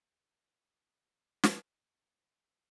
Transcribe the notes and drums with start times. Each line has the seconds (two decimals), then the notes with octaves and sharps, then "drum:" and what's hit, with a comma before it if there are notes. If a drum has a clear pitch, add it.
1.44 drum: snare
1.88 C4